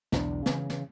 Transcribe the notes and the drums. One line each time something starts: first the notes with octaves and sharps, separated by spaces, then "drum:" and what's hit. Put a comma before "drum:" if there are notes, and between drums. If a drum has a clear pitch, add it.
B1 E2 E3 D4, drum: snare
C#3 E3, drum: snare
drum: snare